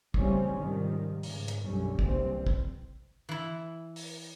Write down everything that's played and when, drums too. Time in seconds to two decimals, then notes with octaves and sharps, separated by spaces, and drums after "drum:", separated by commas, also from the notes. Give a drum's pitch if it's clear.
0.14 A2 C#3 E3 G3 C4 C#4, drum: kick
0.54 G#2 C3 D#3 F3 G3
1.23 G#2 C#3, drum: open hi-hat
1.48 drum: hi-hat
1.64 B1 F#2 D3 F#3 G3 C#4
1.99 F#1 C2 E3 G3 C4, drum: kick
2.46 drum: kick
3.29 E3 E4
3.96 drum: open hi-hat